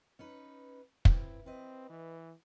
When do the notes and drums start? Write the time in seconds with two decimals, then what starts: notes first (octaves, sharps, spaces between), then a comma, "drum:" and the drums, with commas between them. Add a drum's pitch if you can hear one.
0.19 C#4 D#4 B4
1.05 C4 E4 B4, drum: kick
1.46 C4 B4 D#5
1.90 E3